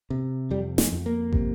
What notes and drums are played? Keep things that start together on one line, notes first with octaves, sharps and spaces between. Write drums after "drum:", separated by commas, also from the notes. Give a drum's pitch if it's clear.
C3
F2 G3
G#3, drum: snare
F2
A#3
C3, drum: kick